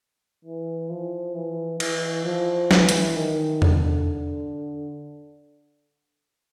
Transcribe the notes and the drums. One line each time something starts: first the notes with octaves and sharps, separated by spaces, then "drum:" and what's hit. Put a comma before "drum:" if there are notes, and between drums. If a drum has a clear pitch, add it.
E3
F3
E3
E3, drum: cymbal
F3
E3, drum: snare
drum: hi-hat
D#3
D3, drum: tom E2